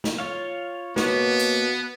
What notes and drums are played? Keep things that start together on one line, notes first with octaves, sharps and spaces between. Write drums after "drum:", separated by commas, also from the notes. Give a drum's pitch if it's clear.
drum: snare
F4 C#5 F5
B2 A#3 B3 C#5, drum: snare
drum: hi-hat